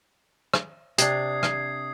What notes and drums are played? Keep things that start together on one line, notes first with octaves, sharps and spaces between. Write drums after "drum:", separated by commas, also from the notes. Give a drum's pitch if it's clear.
drum: rim click
C3 D4 D#6 G#6 C7, drum: hi-hat
drum: rim click